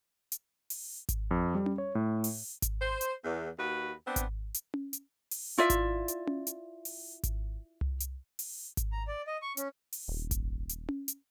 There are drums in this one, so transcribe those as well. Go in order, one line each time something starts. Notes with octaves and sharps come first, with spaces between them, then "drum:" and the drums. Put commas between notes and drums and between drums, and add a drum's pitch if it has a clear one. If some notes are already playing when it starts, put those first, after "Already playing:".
drum: hi-hat
drum: open hi-hat
drum: kick G#1, hi-hat
F2
G3
drum: tom C#4
C#5
A2
drum: open hi-hat
drum: kick G#1, hi-hat
C5
drum: hi-hat
E2
D#2 F#4 B4
B3 C4 D4
drum: kick G#1, hi-hat
drum: hi-hat
drum: tom C#4
drum: hi-hat
drum: open hi-hat
E4 F4 D5 E5
drum: kick G#1, hi-hat
drum: hi-hat
drum: tom C#4
drum: hi-hat
drum: open hi-hat
drum: kick G#1, hi-hat
drum: tom C2
drum: hi-hat
drum: open hi-hat
drum: kick G#1, hi-hat
A#5
D5
D#5
C#6
C#4, drum: hi-hat
drum: open hi-hat
D#1
drum: kick G#1, hi-hat
drum: hi-hat
drum: tom C#4
drum: hi-hat